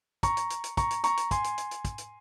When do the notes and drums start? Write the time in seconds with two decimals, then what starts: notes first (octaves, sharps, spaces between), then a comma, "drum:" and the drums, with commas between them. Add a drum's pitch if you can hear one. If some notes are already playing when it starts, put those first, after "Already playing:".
0.23 A#5 C#6, drum: kick, hi-hat
0.37 drum: hi-hat
0.50 drum: hi-hat
0.64 drum: hi-hat
0.77 A#5 C#6, drum: kick, hi-hat
0.91 drum: hi-hat
1.04 A#5 C#6, drum: hi-hat
1.17 drum: hi-hat
1.31 G#5 C6, drum: kick, hi-hat
1.44 drum: hi-hat
1.58 drum: hi-hat
1.71 drum: hi-hat
1.85 drum: kick, hi-hat
1.98 drum: hi-hat